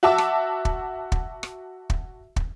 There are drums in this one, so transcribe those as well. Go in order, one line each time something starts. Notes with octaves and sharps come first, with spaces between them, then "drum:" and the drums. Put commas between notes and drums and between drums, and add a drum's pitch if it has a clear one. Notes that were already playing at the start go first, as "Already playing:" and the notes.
F#4 E5 A5 D6 E6
drum: rim click
drum: kick
drum: kick
drum: rim click
drum: kick
drum: kick